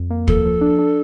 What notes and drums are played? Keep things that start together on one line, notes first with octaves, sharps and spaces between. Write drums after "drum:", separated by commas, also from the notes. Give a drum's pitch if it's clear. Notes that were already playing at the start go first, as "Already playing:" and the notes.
Already playing: F2
A#3
F3 A4, drum: kick
F3
D4
D4